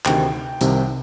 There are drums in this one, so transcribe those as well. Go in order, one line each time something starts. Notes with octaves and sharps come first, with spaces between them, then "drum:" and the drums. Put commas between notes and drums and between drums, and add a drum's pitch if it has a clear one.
D2 C3 D#3 G5, drum: clap
C2 C3 D#3, drum: hi-hat